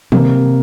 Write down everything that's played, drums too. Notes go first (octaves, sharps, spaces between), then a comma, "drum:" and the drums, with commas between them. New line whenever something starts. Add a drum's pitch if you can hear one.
C3 A#3, drum: tom